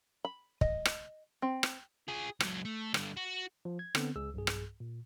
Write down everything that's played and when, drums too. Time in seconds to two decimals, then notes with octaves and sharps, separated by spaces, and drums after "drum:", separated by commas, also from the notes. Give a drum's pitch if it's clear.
0.25 B5
0.61 D#5, drum: kick
0.85 drum: rim click
1.42 C4
1.63 drum: rim click
2.08 F4 G#4
2.40 C#2 F#3, drum: rim click
2.65 A3
2.94 G2 D3, drum: rim click
3.17 F#4
3.65 F3
3.79 G#6
3.95 D3 B3 C4, drum: rim click
4.16 C#2 G#4 E6
4.34 B1 G2 G#4
4.47 drum: rim click
4.80 A#2